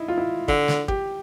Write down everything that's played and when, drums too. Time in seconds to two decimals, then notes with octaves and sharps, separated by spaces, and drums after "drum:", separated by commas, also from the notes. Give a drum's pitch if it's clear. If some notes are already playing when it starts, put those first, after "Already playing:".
Already playing: D#4 E4
0.08 F4
0.18 E4
0.48 D3, drum: kick
0.68 drum: snare
0.88 G4, drum: kick